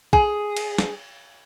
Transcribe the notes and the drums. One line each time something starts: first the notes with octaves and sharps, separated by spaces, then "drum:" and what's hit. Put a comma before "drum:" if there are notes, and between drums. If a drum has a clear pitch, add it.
G#4, drum: kick
drum: cymbal
drum: snare